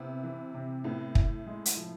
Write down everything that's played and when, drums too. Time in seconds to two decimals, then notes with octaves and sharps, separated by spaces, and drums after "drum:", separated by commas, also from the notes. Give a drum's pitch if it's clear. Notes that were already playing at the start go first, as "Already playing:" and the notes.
Already playing: C3 B3 E4
0.23 E3
0.54 C3
0.84 A2 B3
1.15 E4, drum: kick
1.47 G#3
1.66 drum: hi-hat
1.77 F3